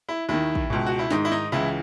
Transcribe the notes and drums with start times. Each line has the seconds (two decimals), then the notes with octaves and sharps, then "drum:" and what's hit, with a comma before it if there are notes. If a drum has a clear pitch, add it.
0.09 E4
0.29 D#2 D#3 E4
0.55 drum: kick
0.70 C#2 B2, drum: tom G2
0.86 F#4
0.99 E4
1.11 G#2 D#3 D#4, drum: snare
1.25 E4
1.32 D#4
1.52 C#2 C#3 E3 E4